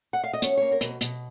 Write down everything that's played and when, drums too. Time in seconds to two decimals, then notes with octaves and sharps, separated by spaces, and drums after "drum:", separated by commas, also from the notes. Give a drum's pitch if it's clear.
0.13 F#5
0.23 F5
0.33 D#5
0.42 C#4 C#5, drum: hi-hat
0.57 A#3 C#5
0.72 A#4
0.81 B2, drum: hi-hat
1.01 B2, drum: hi-hat